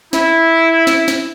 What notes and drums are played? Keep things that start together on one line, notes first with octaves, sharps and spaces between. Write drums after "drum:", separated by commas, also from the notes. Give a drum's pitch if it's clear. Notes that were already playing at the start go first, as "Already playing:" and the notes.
E4, drum: snare
drum: snare
drum: snare